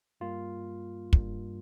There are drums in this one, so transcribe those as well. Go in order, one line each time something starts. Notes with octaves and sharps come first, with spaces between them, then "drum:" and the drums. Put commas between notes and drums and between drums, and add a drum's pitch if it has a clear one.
G2 G3 A#3 F4
G2 G3 A#3, drum: kick